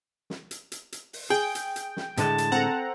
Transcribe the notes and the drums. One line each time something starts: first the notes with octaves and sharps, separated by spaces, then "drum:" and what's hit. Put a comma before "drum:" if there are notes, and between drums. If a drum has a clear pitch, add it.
drum: snare
drum: hi-hat
drum: hi-hat
drum: hi-hat
drum: open hi-hat
G#4 G5
drum: hi-hat
drum: hi-hat
drum: snare
A2 D3 G#3 A5, drum: hi-hat
drum: hi-hat
C4 A4 F#5 A#5